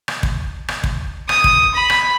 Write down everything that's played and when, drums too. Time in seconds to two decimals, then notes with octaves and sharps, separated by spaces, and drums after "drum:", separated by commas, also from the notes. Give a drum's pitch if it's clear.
0.08 drum: rim click
0.23 drum: kick
0.68 drum: rim click
0.84 drum: kick
1.29 D#6, drum: rim click
1.44 drum: kick
1.75 B5
1.90 drum: rim click